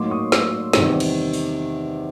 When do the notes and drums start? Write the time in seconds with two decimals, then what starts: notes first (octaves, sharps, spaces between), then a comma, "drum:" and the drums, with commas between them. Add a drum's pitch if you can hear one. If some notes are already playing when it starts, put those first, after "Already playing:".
Already playing: A2 F#3 A#3 D#4 C6 D6
0.10 C#6 D#6
0.32 D6 E6, drum: snare
0.73 E2 C3 D#3 G3, drum: snare
1.00 drum: cymbal
1.34 drum: open hi-hat